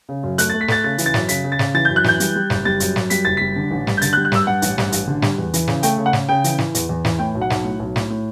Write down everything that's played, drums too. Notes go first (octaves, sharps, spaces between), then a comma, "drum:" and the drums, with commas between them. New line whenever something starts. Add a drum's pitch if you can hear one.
C#3
F#2
A3 F#6, drum: hi-hat
A6
A3
B6
A3 A6, drum: snare
C#3 A6
E3, drum: hi-hat
A6
F#2, drum: snare
C#3 B6, drum: hi-hat
C#3
A6
C#3, drum: snare
E3 A6
F#2 G6
F#6
E3 G6, drum: snare
G3, drum: hi-hat
G3
F#1, drum: snare
G3 A6
F#2, drum: hi-hat
F#2, drum: snare
G3 B6, drum: hi-hat
F#1 A6
G3 B6
D3
A1
G2, drum: snare
G6
D3 A6, drum: hi-hat
F#6
G3
F#6
G2 E6, drum: snare
G2 F#5
A1, drum: hi-hat
G2, drum: snare
A1, drum: hi-hat
D3
G3, drum: snare
E2
E3, drum: hi-hat
C#3, drum: snare
A3 G5, drum: hi-hat
C#3
F#5
C#3, drum: snare
C#3 G5
E3, drum: hi-hat
E3, drum: snare
E2, drum: hi-hat
E2
E3, drum: snare
A2 G5
B1
F#5
B1, drum: snare
A2
B1
A2, drum: snare
A2